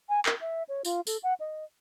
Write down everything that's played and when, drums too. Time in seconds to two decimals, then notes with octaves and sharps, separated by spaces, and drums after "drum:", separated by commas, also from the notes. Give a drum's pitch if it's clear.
0.09 G#5
0.26 A#4, drum: clap
0.41 E5
0.69 C#5
0.85 F4, drum: tambourine
1.07 A4, drum: tambourine
1.23 F#5
1.40 D#5